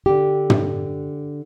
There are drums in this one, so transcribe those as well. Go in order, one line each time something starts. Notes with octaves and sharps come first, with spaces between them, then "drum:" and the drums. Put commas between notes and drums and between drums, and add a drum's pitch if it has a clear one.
D3 G4
drum: tom